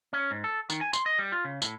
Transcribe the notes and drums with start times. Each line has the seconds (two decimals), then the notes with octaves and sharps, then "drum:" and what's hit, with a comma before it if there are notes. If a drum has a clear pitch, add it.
0.13 C#4
0.31 G#2
0.44 A4
0.70 D#3, drum: tambourine
0.81 G#5
0.93 C6, drum: tambourine
1.06 D#5
1.19 G3
1.32 F4
1.45 C#3
1.62 A2, drum: tambourine